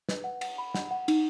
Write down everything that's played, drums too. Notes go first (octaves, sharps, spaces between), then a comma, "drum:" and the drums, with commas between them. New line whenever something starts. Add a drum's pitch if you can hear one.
B4, drum: snare
F#5
F#5, drum: cymbal
B5
F#5, drum: snare
F#5
D#4, drum: cymbal